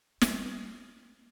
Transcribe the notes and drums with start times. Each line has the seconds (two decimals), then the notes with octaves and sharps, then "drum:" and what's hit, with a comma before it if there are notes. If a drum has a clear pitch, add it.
0.22 G3, drum: snare